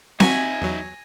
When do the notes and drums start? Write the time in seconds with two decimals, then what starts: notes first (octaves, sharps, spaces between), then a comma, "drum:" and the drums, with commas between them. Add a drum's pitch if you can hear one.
0.20 D#4 F#4 E5 G#5 G#6 A#6 D#7, drum: snare C4
0.62 E2 F#3